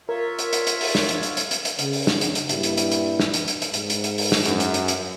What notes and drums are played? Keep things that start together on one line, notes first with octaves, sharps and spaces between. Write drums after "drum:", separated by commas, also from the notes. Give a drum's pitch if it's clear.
F4 A#4 C#5 E5
drum: hi-hat
drum: hi-hat
drum: hi-hat
drum: open hi-hat
drum: snare
drum: hi-hat
drum: hi-hat
drum: hi-hat
drum: hi-hat
drum: hi-hat
C#3, drum: hi-hat
drum: open hi-hat
drum: snare
drum: hi-hat
drum: hi-hat
G2 A#2 G3 E4, drum: hi-hat
drum: hi-hat
drum: hi-hat
drum: hi-hat
drum: snare
drum: hi-hat
drum: hi-hat
drum: hi-hat
G#2, drum: hi-hat
drum: hi-hat
drum: hi-hat
drum: open hi-hat
drum: snare
F#2, drum: hi-hat
drum: hi-hat
drum: hi-hat
drum: hi-hat